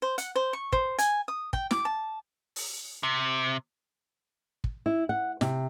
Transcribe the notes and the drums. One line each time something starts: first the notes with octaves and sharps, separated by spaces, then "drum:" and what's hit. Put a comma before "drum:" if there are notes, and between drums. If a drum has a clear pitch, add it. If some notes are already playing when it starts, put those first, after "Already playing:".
C5
F#5, drum: hi-hat
C5
C#6
C5, drum: kick
G#5, drum: hi-hat
D#6
G5, drum: kick
D6, drum: snare
A5
drum: open hi-hat
C3
drum: kick
E4
F#5
C3, drum: snare